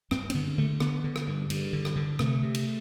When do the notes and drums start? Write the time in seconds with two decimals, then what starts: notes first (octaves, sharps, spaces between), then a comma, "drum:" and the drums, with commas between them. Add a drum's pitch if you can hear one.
0.11 G2 C4, drum: rim click
0.30 C4, drum: cymbal
0.34 D3 B3
0.58 D3 A3
0.80 D3 B3, drum: rim click
1.04 D3
1.16 drum: rim click
1.28 G2
1.50 G2, drum: cymbal
1.73 D3
1.85 drum: rim click
1.96 D3
2.19 C3 A3, drum: rim click
2.43 C3
2.55 drum: cymbal